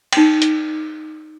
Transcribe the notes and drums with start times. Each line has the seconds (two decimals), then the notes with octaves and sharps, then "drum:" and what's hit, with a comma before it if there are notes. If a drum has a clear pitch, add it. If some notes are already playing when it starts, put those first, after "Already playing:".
0.13 D#4 G5, drum: cymbal
0.42 drum: hi-hat